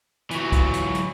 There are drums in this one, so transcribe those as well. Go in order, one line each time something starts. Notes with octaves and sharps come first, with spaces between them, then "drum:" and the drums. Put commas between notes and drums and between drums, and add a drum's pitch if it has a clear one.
E3 F#3, drum: hi-hat
drum: kick, hi-hat
drum: hi-hat
drum: hi-hat